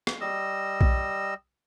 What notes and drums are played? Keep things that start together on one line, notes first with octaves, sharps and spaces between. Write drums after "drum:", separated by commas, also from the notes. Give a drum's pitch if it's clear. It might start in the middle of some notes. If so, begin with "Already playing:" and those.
drum: rim click
G3 D#5 E6
drum: kick B1